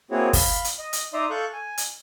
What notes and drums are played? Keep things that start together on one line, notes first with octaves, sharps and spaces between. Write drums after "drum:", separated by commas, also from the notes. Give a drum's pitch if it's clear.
A#3 C4 E4 F#4 G#4 C#5
F5 B5, drum: kick, open hi-hat
drum: hi-hat
D#5
drum: hi-hat
D#4 D5 E5 A#5 C6 D#6
A4 F5 C#6 F#6 G6
G#5
drum: hi-hat